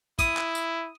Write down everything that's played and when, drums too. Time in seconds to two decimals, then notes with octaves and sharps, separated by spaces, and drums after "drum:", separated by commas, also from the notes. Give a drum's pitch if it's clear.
0.19 E4 D#6, drum: kick, tambourine
0.37 drum: clap
0.55 drum: tambourine